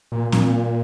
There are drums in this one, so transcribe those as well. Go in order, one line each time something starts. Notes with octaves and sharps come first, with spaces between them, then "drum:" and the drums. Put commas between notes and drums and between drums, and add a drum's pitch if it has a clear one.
A#2
A#2, drum: snare C4